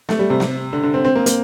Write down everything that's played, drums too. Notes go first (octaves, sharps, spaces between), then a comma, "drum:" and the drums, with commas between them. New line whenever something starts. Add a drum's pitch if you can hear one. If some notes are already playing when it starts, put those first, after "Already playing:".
A3, drum: snare
G3
C3
drum: snare
D3
D3
C4
C4
A#3
A#3, drum: hi-hat